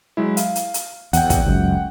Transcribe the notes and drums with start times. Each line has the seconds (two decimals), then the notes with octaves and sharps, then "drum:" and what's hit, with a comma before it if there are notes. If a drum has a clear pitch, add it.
0.17 F#3 G#3 E4
0.37 F5, drum: hi-hat
0.55 drum: hi-hat
0.74 drum: hi-hat
1.13 E2 F#5 G5, drum: hi-hat
1.30 drum: kick, hi-hat
1.46 C#2 F#2